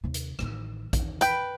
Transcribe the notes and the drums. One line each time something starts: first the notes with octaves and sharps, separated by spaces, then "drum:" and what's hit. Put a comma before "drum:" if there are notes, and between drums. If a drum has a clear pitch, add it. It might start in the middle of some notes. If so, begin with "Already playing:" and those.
D#2 C3
drum: hi-hat
A1 D#3, drum: rim click
E2 D#3, drum: kick A#1, hi-hat
B4 G5, drum: hi-hat